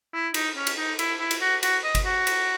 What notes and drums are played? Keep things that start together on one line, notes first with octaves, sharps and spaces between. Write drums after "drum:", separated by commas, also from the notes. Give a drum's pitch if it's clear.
E4
D#4, drum: cymbal
C#4
drum: cymbal
D#4
E4, drum: cymbal
E4
drum: cymbal
F#4
F#4, drum: cymbal
D#5
drum: kick G1, cymbal
F#4
drum: cymbal